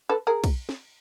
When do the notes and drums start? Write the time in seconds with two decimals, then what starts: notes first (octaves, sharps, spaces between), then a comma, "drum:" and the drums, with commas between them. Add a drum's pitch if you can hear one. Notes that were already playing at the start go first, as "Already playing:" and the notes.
0.09 A4 B4
0.27 G#4 A#4
0.44 drum: kick, cymbal
0.69 drum: snare